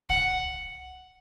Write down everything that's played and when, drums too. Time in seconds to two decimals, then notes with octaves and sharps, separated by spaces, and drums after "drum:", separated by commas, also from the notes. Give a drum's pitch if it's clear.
0.09 F#5, drum: kick